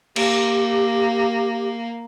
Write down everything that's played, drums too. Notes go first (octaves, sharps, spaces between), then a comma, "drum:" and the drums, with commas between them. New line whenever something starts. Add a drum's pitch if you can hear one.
A#3 G4, drum: cymbal